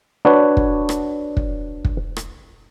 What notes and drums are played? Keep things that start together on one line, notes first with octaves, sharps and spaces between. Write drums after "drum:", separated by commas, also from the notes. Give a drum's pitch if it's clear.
D4 F#4 B4 C#5
drum: kick
drum: rim click
drum: kick
drum: kick
drum: rim click